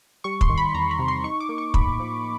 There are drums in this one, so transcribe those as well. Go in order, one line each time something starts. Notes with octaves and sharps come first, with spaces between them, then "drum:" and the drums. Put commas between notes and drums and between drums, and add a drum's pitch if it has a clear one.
G3 C#6
C6, drum: kick
D#3
B5
E2 A#5
B5
C3
C6
D#4 C#6
D6
A#3
C#6
A2 B5, drum: kick
F3